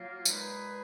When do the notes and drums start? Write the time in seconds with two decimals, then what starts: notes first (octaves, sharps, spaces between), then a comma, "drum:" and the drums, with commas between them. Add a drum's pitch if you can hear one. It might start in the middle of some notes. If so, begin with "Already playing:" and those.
Already playing: F#3 A#3 F4
0.25 A#2 G#3 D#4 G#4 B4, drum: tambourine